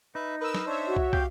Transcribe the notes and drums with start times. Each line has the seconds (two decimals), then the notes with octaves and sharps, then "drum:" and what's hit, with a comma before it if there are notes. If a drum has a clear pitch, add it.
0.15 D#4 B4 E5
0.41 A#4 B4 D#5 E6
0.55 drum: snare
0.66 D4 C5 C#5 E5
0.87 F#4
0.97 drum: kick
1.13 G4 F5 G5, drum: kick